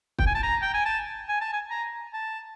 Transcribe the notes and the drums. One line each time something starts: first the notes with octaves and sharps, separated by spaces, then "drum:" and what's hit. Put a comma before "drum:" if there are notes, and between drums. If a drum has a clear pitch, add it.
G5, drum: kick
G#5
A5
A#5
G5
G#5
A5
G#5
A5
G#5
A#5
A5